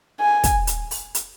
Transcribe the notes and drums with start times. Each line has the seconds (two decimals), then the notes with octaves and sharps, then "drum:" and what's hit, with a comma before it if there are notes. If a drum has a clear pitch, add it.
0.20 G#5
0.44 drum: kick, hi-hat
0.67 drum: hi-hat
0.91 drum: open hi-hat
1.15 drum: hi-hat